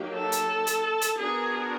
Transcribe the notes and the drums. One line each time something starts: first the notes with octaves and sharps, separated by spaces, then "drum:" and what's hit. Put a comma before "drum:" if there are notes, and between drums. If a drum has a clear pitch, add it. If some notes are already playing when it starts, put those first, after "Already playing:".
Already playing: F#3 A#3 D#4 G4
A4
drum: hi-hat
drum: hi-hat
drum: hi-hat
B3 D4 F#4 G#4 A#4